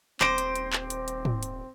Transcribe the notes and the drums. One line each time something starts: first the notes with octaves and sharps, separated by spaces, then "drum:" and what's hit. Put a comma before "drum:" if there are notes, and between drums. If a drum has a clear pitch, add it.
D#1 C4 C5 D6 A#6 D7, drum: clap
drum: hi-hat
drum: hi-hat
drum: clap
drum: hi-hat
drum: hi-hat
drum: tom
drum: hi-hat